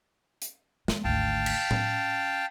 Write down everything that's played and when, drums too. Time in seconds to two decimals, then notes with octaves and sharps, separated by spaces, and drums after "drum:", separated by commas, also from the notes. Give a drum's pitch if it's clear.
0.42 drum: hi-hat
0.88 G#3 B3, drum: snare
1.04 G#1 D2 F5 G5 A5
1.46 drum: cymbal
1.71 C#4, drum: tom A2